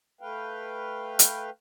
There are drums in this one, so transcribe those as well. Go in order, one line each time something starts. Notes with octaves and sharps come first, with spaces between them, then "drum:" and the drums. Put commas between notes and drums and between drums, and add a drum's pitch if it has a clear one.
A3 B4 F5 G5
drum: hi-hat